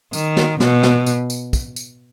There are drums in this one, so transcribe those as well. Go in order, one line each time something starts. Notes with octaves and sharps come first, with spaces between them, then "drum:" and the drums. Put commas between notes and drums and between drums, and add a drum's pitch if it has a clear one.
D#3, drum: tambourine
drum: snare
B2, drum: snare
drum: snare
drum: tambourine
drum: tambourine
drum: kick, tambourine
drum: tambourine